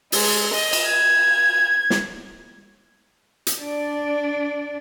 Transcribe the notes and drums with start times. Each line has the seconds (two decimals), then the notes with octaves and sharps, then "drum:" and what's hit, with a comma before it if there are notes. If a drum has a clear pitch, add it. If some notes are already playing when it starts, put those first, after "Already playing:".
0.12 G#3, drum: open hi-hat
0.52 D#5
0.73 drum: cymbal
0.87 G#6
1.90 drum: snare
3.47 drum: hi-hat
3.61 D4 D5